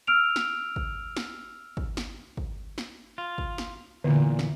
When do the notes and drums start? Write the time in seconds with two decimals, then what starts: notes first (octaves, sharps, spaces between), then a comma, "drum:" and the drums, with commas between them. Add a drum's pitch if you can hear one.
0.07 E6 F6 D7 F7
0.36 drum: snare
0.76 drum: kick
1.17 drum: snare
1.77 drum: kick
1.97 drum: snare
2.37 drum: kick
2.78 drum: snare
3.18 F4
3.38 drum: kick
3.58 drum: snare
4.04 E2 A#2 D3
4.39 drum: snare